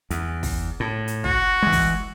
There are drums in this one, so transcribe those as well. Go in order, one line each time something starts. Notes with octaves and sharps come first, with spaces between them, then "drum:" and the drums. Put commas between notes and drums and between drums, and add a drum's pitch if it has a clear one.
E2, drum: hi-hat
drum: kick, open hi-hat
A2
drum: hi-hat
F#4, drum: kick
E3 G#3
drum: kick, open hi-hat